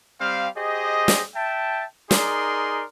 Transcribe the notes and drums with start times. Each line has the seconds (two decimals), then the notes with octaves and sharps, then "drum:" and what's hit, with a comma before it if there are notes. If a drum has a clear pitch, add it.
0.20 G3 C4 F5
0.57 G4 G#4 C5 D#5
1.08 drum: snare
1.36 E5 G5 A5
2.11 D#4 G#4 A#4 D5 C6, drum: snare